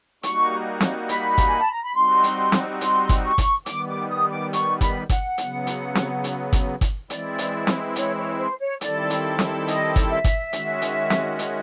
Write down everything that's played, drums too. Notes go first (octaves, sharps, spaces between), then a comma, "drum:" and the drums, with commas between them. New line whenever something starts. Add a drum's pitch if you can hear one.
G3 A#3 D#4 F#4 C#6, drum: hi-hat
drum: snare
B5, drum: hi-hat
drum: kick G1, hi-hat
G#5
A5
A#5
B5
G3 C4 D#4 F#4 C6
drum: hi-hat
drum: snare
C6, drum: hi-hat
drum: kick G1, hi-hat
C#6
drum: kick G1, hi-hat
D#3 G3 B3 D6, drum: hi-hat
D6
D#6
D6
C#6, drum: hi-hat
B5, drum: kick G1, hi-hat
F#5, drum: kick G1, hi-hat
C#3 F#3 B3, drum: hi-hat
drum: hi-hat
drum: snare
drum: hi-hat
drum: kick G1, hi-hat
drum: kick G1, hi-hat
E3 G#3 C4 E4 D5, drum: hi-hat
drum: hi-hat
drum: snare
C#5, drum: hi-hat
C#5
C5
C#5
D#3 G3 C4 E4 A4 D5, drum: hi-hat
drum: hi-hat
drum: snare
D#5, drum: hi-hat
drum: kick G1, hi-hat
E5
drum: kick G1, hi-hat
D#3 G#3 C#4 F#4, drum: hi-hat
drum: hi-hat
drum: snare
drum: hi-hat